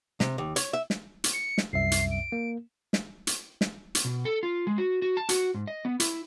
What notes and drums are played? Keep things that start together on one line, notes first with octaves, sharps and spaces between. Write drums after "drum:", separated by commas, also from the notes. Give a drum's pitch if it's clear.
C3, drum: snare
D#2
C#5, drum: hi-hat
E5
drum: snare
drum: hi-hat
C#7
drum: snare
C2 F#2 E5 C7
drum: hi-hat
D7
A#3
drum: snare
drum: hi-hat
drum: snare
drum: hi-hat
B2
A4
F4
G#3
F#4
F#4
A5
F#4, drum: hi-hat
G#2
D#5
B3
E4, drum: hi-hat